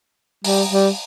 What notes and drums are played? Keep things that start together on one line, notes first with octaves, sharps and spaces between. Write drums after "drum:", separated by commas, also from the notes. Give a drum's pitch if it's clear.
G3, drum: open hi-hat
G3